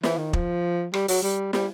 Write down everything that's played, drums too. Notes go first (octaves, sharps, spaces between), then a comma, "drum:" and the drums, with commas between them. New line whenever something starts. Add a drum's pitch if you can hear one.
E3, drum: snare
D#3
F3, drum: kick
G3, drum: rim click
F#3, drum: open hi-hat
G3
G3, drum: snare